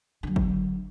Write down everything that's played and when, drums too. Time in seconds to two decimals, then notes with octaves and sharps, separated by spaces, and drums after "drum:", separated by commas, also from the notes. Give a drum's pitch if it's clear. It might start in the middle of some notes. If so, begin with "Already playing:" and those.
0.23 D3 F#3
0.36 drum: kick